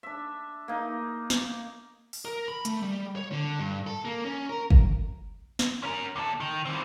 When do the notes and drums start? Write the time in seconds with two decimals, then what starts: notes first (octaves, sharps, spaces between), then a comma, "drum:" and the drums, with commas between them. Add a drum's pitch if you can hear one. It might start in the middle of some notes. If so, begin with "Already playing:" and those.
0.03 D4 E5
0.68 A#3 D#4
1.30 drum: snare
2.13 drum: open hi-hat
2.25 A#4
2.48 B5
2.65 A3, drum: hi-hat
2.82 G3
3.16 C#5
3.32 D3
3.59 G2
3.87 A4
4.05 A#3
4.25 C#4
4.49 A#4
4.70 drum: kick
5.59 drum: snare
5.83 C#4 A#4
6.16 D#2 A4
6.40 D#3
6.65 E3 C4